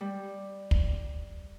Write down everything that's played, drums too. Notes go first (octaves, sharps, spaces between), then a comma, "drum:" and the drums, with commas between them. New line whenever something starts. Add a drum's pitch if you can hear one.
G3
drum: kick